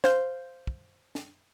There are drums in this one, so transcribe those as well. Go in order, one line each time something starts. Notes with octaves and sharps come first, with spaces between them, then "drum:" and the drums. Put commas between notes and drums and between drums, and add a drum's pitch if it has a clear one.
C5 F5 G6, drum: snare
drum: kick
drum: snare